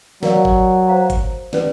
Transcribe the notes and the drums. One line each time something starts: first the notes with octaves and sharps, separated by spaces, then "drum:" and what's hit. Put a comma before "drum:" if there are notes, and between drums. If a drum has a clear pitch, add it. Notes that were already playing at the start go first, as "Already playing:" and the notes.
F#3 A#4 D5 F5, drum: snare
drum: kick G1
C5 F5 A#5
drum: kick G1, hi-hat
C#4 E4 G4 B4 D5, drum: snare